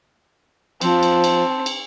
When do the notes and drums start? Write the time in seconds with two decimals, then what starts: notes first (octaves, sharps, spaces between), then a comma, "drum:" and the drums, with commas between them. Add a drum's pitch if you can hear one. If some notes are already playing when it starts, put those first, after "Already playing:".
0.81 F3 C4 A5, drum: cymbal
1.03 drum: cymbal
1.24 drum: cymbal
1.66 drum: cymbal